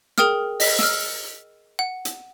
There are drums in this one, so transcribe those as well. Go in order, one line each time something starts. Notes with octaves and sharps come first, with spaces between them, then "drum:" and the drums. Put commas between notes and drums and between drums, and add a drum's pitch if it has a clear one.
G#4 A#4 G5 D#6 F6, drum: snare
D#5 B6, drum: open hi-hat
E6 F6, drum: snare
F#5
drum: hi-hat